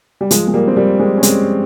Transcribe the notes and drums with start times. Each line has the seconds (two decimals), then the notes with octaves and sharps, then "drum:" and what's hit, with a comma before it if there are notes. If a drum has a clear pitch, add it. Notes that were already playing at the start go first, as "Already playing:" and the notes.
0.21 G3
0.31 F3 G#3, drum: hi-hat
0.48 G#3
0.54 G3 A#3
0.68 C4
0.77 G3 A#3
1.00 G#3 C4
1.18 C#4
1.23 G#3 C4, drum: hi-hat